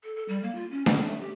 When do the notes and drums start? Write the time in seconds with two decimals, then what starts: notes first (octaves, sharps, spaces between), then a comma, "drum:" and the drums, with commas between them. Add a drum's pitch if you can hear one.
0.04 A4
0.16 A4
0.29 G3
0.43 A#3
0.55 F4
0.71 C#4
0.86 C#4, drum: snare D4
1.05 A3
1.21 G4